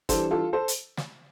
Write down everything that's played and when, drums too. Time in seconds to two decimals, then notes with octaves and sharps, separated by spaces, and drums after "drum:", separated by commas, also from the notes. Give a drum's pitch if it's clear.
0.09 E3 G3 D4 A4 C5, drum: kick, hi-hat
0.31 F4 A4
0.53 A4 C5
0.68 drum: hi-hat
0.97 drum: snare